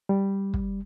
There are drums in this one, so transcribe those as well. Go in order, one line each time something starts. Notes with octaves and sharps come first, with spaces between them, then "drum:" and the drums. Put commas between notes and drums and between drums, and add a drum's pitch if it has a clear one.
G3
drum: kick